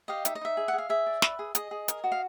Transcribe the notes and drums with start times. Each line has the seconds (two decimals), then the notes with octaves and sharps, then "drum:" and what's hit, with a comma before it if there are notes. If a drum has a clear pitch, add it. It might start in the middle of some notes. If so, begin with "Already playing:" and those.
0.08 G4 D#5 F5
0.25 D#4 E5, drum: hi-hat
0.35 D#5
0.41 D#4 E5
0.57 G#4
0.68 F#5
0.73 G#4
0.78 F5
0.89 G#4 E5
1.07 D5
1.22 B4, drum: snare
1.39 G#4
1.55 G#4 D#5, drum: hi-hat
1.71 G#4
1.88 A#4, drum: hi-hat
2.04 F#4
2.12 F5